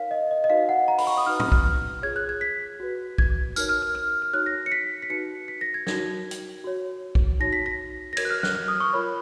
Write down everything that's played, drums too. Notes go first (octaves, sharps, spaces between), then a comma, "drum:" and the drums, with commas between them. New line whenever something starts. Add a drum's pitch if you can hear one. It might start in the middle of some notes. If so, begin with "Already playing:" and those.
Already playing: D#4 A#4 C#5 F5
D#5
D#5
D#5
D#4 F#4 B4 F5
F#5
A#5
B5, drum: open hi-hat
C#6
D#6
D#4 F#4 B4 F6
D#6, drum: tom A2
F6, drum: kick B1
F4 G#4 C#5 G#6
F#6
G#6
B6
F#4 B4
G#6, drum: kick B1
D#4 F#4 A#4 C#5 F6, drum: tambourine
F6
F6
F6
F6
D#4 F#4 C#5 F#6
A#6
C#7
B6
B6
D#4 F#4 B4 C#7
B6
A#6
G#6
D#4 F#4 A#4 C#5 G#6, drum: snare
drum: hi-hat
F#4 C#5
drum: kick B1
D#4 F#4 C#5 A#6
B6
A#6
A#6
F#4 A#4 C#5 G#6, drum: cymbal
F#6
F6
F#6, drum: snare
F6
D#6
C#6
F4 A#4 C#5 B5